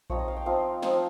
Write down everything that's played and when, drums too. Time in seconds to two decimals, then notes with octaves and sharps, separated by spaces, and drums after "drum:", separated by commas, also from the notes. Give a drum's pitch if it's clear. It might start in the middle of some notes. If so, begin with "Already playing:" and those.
0.10 F3 C4 D#4 C#5, drum: kick A#1
0.19 D#5
0.28 F5
0.37 G5
0.46 F3 C4 D#4 F5
0.82 F3 C4 D#4, drum: snare